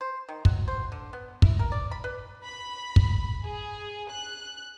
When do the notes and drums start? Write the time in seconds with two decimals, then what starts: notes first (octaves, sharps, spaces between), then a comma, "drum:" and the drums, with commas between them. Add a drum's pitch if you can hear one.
0.01 C5
0.29 D#3
0.45 F#3, drum: kick
0.68 C5
0.92 D3
1.13 B3
1.42 E4, drum: kick
1.59 A#4
1.72 D5
1.91 B5
2.04 B4
2.44 B5
2.96 drum: kick
3.45 G#4
4.11 F#6